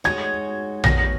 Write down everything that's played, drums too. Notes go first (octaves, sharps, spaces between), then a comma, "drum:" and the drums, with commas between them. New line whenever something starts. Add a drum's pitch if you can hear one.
G#3 D#4 F#4 C#5 G#6
D#3 F#3 B3 F#4 A#6, drum: tom A#1